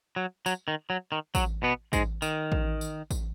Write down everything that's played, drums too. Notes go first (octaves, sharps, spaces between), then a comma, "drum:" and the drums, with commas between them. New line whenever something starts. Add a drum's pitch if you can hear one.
F#3
F#3, drum: tambourine
D#3
F#3
D#3
F#3, drum: kick A1, tambourine
B2 B3
G#2 G#3, drum: kick A1, tambourine
D#3, drum: tambourine
drum: kick A1
drum: tambourine
drum: kick A1, tambourine